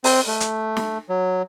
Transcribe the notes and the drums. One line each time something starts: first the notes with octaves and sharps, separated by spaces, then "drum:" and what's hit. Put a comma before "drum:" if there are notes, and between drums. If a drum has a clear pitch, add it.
C4, drum: open hi-hat
A3
drum: hi-hat
drum: snare
F#3